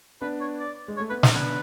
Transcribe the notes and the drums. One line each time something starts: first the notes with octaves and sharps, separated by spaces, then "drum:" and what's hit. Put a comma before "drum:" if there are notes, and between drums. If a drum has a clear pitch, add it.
B3 D4 B4
C#5
D5
G#3
C#5
A3
B3 B4
C#4, drum: snare
B3 D4 B4